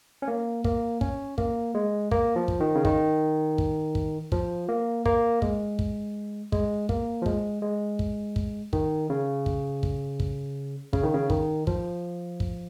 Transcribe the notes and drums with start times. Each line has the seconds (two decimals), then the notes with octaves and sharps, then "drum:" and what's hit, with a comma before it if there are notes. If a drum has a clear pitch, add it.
0.22 C#4
0.28 A#3
0.64 A#3, drum: kick
1.01 C#4, drum: kick
1.38 A#3, drum: kick
1.75 G#3
2.11 A#3, drum: kick
2.36 F3
2.48 drum: kick
2.60 D#3
2.75 C#3
2.85 D#3, drum: kick
3.58 drum: kick
3.95 drum: kick
4.32 F3, drum: kick
4.69 A#3
5.05 A#3, drum: kick
5.42 G#3, drum: kick
5.79 drum: kick
6.52 G#3, drum: kick
6.89 A#3, drum: kick
7.22 F3
7.26 G#3, drum: kick
7.62 G#3
7.99 drum: kick
8.36 drum: kick
8.73 D#3, drum: kick
9.10 C#3
9.46 drum: kick
9.83 drum: kick
10.20 drum: kick
10.93 C#3, drum: kick
11.03 D#3
11.14 C#3
11.30 D#3, drum: kick
11.67 F3, drum: kick
12.40 drum: kick